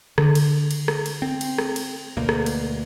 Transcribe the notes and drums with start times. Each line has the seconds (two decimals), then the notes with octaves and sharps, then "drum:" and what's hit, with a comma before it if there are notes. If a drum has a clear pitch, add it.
0.18 D3, drum: rim click
0.35 drum: cymbal
0.71 drum: cymbal
0.88 drum: rim click
1.06 drum: cymbal
1.22 C4
1.41 drum: cymbal
1.58 drum: rim click
1.76 drum: cymbal
2.17 D2 B2 A#3
2.29 drum: rim click
2.46 drum: cymbal